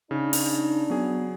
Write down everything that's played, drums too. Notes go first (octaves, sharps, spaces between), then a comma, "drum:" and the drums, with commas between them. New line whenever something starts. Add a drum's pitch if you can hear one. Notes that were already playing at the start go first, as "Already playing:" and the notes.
C#3 D4 D#4
drum: open hi-hat
F#3 B3 G#4